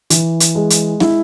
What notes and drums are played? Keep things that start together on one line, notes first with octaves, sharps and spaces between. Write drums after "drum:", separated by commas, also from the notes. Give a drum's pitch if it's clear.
E3, drum: hi-hat
drum: hi-hat
G#3
drum: hi-hat
E4, drum: snare